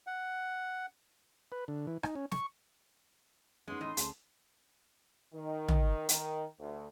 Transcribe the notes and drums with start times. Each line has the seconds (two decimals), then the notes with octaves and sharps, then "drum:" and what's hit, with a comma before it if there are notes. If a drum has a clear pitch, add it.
0.07 F#5
1.52 B4
1.68 D3
1.87 E3
2.03 D#4, drum: rim click
2.15 C#4
2.32 C#6, drum: snare
3.68 G#3 B3 C#4 D#4 C6
3.81 E2 A2 D#5 C6
3.97 D2 C#4 G#4 A5, drum: hi-hat
5.34 D#3
5.68 drum: tom
6.09 D#3, drum: hi-hat
6.59 D2